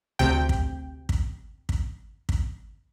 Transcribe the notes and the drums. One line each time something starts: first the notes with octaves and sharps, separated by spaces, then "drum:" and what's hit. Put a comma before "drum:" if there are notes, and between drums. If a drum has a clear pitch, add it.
D2 C3 G5
drum: kick
drum: kick
drum: kick
drum: kick